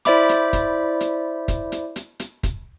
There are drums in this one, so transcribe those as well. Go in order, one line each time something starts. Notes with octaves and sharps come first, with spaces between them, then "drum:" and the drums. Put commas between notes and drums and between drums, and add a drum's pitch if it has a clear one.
E4 C5 D5 E5 B5 D6, drum: hi-hat
drum: hi-hat
drum: kick, hi-hat
drum: hi-hat
drum: kick, hi-hat
drum: hi-hat
drum: hi-hat
drum: hi-hat
drum: kick, hi-hat